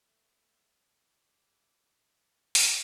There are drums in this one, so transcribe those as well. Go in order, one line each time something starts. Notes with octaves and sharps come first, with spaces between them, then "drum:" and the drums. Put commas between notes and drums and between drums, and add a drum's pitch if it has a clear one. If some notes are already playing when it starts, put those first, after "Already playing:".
E3 F#3 A3
G#3 E4 A4 C#5 D5
drum: open hi-hat